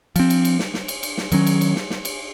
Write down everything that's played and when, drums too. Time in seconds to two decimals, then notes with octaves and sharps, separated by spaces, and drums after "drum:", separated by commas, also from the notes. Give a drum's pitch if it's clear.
0.16 F3 C4, drum: cymbal
0.30 drum: cymbal
0.45 drum: cymbal
0.59 drum: snare
0.74 drum: snare
0.88 drum: cymbal
1.03 drum: cymbal
1.18 drum: snare
1.32 D#3 F#3 C#4, drum: cymbal
1.47 drum: cymbal
1.61 drum: cymbal
1.76 drum: snare
1.90 drum: snare
2.05 drum: cymbal